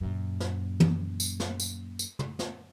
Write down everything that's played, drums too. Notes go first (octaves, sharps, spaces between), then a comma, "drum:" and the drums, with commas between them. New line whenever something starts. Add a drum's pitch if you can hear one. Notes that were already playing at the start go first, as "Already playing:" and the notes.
F#2 A#2
drum: snare
drum: tom
drum: tambourine
drum: snare
drum: tambourine
drum: tambourine
drum: tom
drum: snare